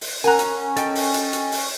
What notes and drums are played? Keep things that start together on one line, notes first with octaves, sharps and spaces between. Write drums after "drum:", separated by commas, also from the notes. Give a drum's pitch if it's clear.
drum: open hi-hat
C#4 A#4 F#5 G#5 A#5 F#6
drum: hi-hat
A4 D#5 G5, drum: hi-hat
drum: open hi-hat
drum: hi-hat
drum: hi-hat
drum: open hi-hat